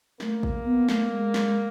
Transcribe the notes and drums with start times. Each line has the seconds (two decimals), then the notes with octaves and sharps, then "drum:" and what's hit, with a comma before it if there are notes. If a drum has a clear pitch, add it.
0.20 A3 A#3, drum: snare
0.43 drum: kick A1
0.66 B3
0.89 A3, drum: snare
1.11 G#3
1.34 drum: snare